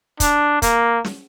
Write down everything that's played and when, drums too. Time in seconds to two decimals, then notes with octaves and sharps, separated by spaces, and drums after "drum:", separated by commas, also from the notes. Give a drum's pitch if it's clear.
0.20 D4, drum: kick, hi-hat
0.62 A#3, drum: kick, hi-hat
1.04 drum: snare